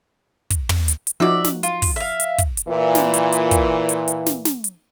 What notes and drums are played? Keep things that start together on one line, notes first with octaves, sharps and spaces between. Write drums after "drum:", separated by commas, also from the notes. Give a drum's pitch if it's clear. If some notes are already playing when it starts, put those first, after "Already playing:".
drum: kick, hi-hat
drum: tom
drum: hi-hat
drum: hi-hat
F3 D#4 F#4 D5 E5
drum: snare
F4, drum: hi-hat
drum: kick, open hi-hat
E5 F5
drum: hi-hat
drum: kick, hi-hat
drum: hi-hat
A#2 E3
drum: snare
drum: hi-hat
drum: hi-hat
drum: kick, hi-hat
drum: hi-hat
drum: hi-hat
drum: snare
drum: snare
drum: hi-hat